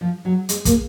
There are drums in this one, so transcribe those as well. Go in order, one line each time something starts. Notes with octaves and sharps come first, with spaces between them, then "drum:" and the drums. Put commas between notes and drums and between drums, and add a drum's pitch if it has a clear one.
F3
F#3
G#3, drum: hi-hat
A#3, drum: kick, hi-hat